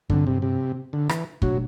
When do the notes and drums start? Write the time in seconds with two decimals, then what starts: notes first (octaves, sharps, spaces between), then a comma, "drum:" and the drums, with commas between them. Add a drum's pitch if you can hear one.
0.10 G2 D3 F#3 C4, drum: kick
0.27 C3
0.42 C3
0.93 D3
1.09 E3, drum: rim click
1.42 B2 F#3 A3 D4, drum: kick